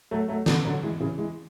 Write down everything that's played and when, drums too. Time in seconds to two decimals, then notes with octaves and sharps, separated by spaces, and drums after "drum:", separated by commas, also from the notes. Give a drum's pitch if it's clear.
0.11 F#3 A3
0.28 F#3 A3
0.46 B2 D3, drum: snare
0.65 D3 F#3
0.83 E3 G#3
1.00 C#3 E3
1.18 E3 G#3